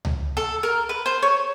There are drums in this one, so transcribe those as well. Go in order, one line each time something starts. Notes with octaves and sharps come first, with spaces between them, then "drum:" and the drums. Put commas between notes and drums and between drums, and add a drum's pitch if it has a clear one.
drum: tom C#2
A4
A#4
B4
C5
C#5